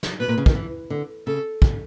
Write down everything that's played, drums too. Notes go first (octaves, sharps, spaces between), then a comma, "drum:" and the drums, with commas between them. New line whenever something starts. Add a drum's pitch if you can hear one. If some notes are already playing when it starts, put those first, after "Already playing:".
drum: snare
B2 B4
A#2
C#3
D#3, drum: kick
E3
D3
C#3 A4
drum: kick